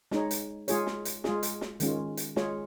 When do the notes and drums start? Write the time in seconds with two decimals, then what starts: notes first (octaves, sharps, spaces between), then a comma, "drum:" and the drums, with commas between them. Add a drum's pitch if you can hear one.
0.11 G#3 D#4 C#5, drum: snare
0.31 drum: hi-hat
0.68 G#3 F4 G#4 C#5, drum: hi-hat
0.87 drum: snare
1.05 drum: hi-hat
1.24 G#3 F4 G#4, drum: snare
1.43 drum: hi-hat
1.61 drum: snare
1.80 D#3 G#3 C#4 F4, drum: hi-hat
2.17 drum: hi-hat
2.36 G#3 F4 G#4 C#5, drum: snare